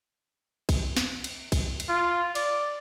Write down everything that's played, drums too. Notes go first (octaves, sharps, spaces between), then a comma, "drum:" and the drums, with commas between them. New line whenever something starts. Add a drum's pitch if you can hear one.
drum: kick, cymbal
drum: snare
drum: cymbal
drum: kick, cymbal
drum: cymbal
F4
D5, drum: cymbal